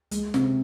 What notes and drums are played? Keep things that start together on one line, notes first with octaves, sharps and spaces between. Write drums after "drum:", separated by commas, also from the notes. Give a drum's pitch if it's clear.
G#3, drum: hi-hat
C3, drum: snare